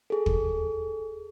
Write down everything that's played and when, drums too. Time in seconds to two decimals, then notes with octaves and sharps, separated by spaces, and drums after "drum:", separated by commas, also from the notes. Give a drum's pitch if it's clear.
0.10 G#4 A4
0.26 drum: kick